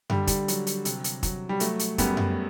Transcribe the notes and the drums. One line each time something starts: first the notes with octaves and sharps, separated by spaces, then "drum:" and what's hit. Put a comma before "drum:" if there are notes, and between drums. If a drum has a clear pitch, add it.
D3 G3, drum: tom F#2
G3, drum: kick, hi-hat
F#3, drum: hi-hat
drum: hi-hat
C3, drum: hi-hat
drum: hi-hat
F#3, drum: kick, hi-hat
G3
F#3 A3, drum: hi-hat
drum: hi-hat
F#2 G3 B3, drum: kick, hi-hat
drum: tom F#2